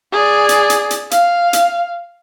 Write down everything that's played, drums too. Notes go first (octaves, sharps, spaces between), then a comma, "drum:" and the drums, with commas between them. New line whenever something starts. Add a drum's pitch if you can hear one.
G#4 D5
drum: hi-hat
drum: hi-hat
drum: hi-hat
F5, drum: hi-hat
drum: hi-hat